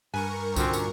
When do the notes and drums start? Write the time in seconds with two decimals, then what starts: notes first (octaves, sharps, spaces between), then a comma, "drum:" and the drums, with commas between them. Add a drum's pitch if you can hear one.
0.14 G2 A#4 B4 G#5 C#6
0.56 A#2 D3 C4 C#4 F#4, drum: kick C2, tambourine
0.73 drum: tambourine